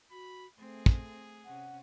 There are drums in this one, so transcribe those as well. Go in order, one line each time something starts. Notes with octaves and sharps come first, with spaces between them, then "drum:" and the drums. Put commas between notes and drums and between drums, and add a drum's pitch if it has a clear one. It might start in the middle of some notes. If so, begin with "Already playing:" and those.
F#4 B5
A3 C4 G#4
drum: kick
C3 C#4 F#5